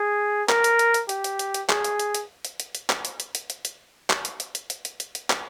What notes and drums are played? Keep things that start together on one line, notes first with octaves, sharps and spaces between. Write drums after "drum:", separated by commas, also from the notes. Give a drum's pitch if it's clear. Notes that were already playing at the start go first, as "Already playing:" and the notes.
Already playing: G#4
A#4, drum: clap
drum: hi-hat
drum: hi-hat
drum: hi-hat
G4, drum: hi-hat
drum: hi-hat
drum: hi-hat
drum: hi-hat
G#4, drum: clap
drum: hi-hat
drum: hi-hat
drum: hi-hat
drum: hi-hat
drum: hi-hat
drum: hi-hat
drum: clap
drum: hi-hat
drum: hi-hat
drum: hi-hat
drum: hi-hat
drum: hi-hat
drum: clap
drum: hi-hat
drum: hi-hat
drum: hi-hat
drum: hi-hat
drum: hi-hat
drum: hi-hat
drum: hi-hat
drum: clap